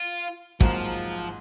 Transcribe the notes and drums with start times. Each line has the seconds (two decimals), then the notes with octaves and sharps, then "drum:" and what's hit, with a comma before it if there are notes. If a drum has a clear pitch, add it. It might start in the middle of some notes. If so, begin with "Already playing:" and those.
Already playing: F4
0.61 G#2 F3 F#3 A#3, drum: kick